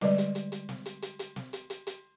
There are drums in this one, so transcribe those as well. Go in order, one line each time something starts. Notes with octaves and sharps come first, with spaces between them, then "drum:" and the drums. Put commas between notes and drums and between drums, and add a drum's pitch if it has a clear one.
D3 G3 G#3 B4 D5 D#5, drum: snare
drum: hi-hat
drum: hi-hat
drum: hi-hat
drum: snare
drum: hi-hat
drum: hi-hat
drum: hi-hat
drum: snare
drum: hi-hat
drum: hi-hat
drum: hi-hat